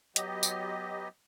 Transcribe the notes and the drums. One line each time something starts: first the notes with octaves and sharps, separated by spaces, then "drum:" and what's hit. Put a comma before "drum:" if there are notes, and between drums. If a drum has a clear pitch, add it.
F#3 B3 G4 D#5, drum: hi-hat
drum: tambourine